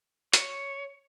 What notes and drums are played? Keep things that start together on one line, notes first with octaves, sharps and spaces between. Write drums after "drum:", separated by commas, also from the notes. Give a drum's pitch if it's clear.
C#5, drum: hi-hat